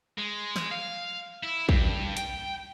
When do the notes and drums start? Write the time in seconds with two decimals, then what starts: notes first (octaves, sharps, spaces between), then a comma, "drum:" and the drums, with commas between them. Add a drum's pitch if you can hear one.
0.18 G#3
0.56 drum: snare
0.71 F5
1.43 E4
1.69 G2, drum: kick
2.17 G5, drum: hi-hat